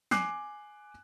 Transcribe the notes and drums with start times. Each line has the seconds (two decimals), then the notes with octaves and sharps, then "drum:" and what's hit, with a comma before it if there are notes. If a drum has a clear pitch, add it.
0.11 G#5 D6 F#6 C7, drum: snare